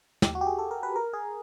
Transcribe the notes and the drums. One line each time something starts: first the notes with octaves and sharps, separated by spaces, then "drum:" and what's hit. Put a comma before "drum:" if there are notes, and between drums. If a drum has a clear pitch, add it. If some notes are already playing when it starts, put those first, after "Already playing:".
G4, drum: snare
F#4
G4
G#4
A4
A#4
B4
A#4
G#4